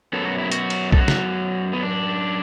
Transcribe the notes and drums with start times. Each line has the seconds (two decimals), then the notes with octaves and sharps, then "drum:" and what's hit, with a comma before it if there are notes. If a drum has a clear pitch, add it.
0.13 F#2 F#3 B3 A4
0.26 F#4
0.38 E4
0.52 F#4, drum: hi-hat
0.70 drum: cymbal
0.92 A4, drum: kick B1
0.98 F#4
1.08 drum: snare
1.73 B3
1.83 D4